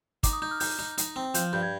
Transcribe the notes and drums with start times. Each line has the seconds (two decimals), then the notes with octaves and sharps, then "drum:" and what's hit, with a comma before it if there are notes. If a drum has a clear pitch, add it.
0.23 D#4 D6, drum: kick, hi-hat
0.33 D#6
0.42 D#4 G6
0.51 F6
0.60 D#4 G6, drum: open hi-hat
0.79 D#4
0.98 D#4, drum: hi-hat
1.16 C4
1.34 F3 G6, drum: hi-hat
1.53 G2 G6
1.63 G#6